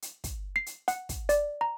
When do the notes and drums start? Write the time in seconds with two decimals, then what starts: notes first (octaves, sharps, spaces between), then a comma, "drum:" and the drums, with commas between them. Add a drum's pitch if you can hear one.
0.02 drum: hi-hat
0.24 drum: kick, hi-hat
0.56 C7
0.66 drum: hi-hat
0.88 F#5, drum: hi-hat
1.09 drum: kick, hi-hat
1.29 D5, drum: hi-hat
1.61 A#5